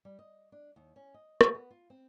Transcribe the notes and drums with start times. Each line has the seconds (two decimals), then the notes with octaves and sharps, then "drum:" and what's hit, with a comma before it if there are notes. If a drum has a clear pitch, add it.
0.05 G3
0.19 D#5
0.52 D4
0.76 D#2
0.96 C#4
1.14 D#5
1.41 C#3, drum: rim click
1.55 B3
1.71 F4
1.90 C4